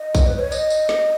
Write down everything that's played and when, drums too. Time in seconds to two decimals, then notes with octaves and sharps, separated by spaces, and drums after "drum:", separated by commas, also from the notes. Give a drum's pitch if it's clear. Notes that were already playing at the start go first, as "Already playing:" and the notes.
Already playing: D#5
0.15 drum: kick A#1, tambourine
0.27 B4
0.39 C#5
0.52 D#5, drum: tambourine
0.70 drum: tambourine
0.89 drum: snare